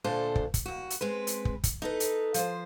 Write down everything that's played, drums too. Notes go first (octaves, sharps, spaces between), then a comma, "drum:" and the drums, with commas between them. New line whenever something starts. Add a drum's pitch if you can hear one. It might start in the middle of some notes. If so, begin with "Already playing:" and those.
D2 A#2 D4 A4 C5
drum: kick
drum: kick, hi-hat
D#2 F#4
drum: hi-hat
G#3 C4 B4
drum: hi-hat
drum: kick
drum: kick, hi-hat
D#4 A4 B4
drum: hi-hat
F3 C5, drum: hi-hat